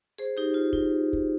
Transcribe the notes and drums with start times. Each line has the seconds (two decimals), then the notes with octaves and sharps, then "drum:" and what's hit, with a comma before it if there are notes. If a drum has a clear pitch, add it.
0.19 G#4 C5
0.37 D#4 G4
0.54 F4
0.73 D#4, drum: kick
1.13 drum: kick